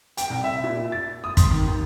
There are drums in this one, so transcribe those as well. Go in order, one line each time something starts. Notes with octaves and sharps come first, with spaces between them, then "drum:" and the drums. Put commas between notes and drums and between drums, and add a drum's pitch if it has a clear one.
G5, drum: hi-hat
C2
E5
A#2
A6
D#6
C6, drum: kick, hi-hat
D#3
D#2